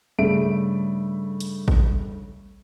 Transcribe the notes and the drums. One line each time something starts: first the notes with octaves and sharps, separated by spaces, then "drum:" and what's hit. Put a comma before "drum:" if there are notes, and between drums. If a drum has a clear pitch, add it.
G2 C#3 A3 E5 D7
drum: hi-hat
drum: kick A1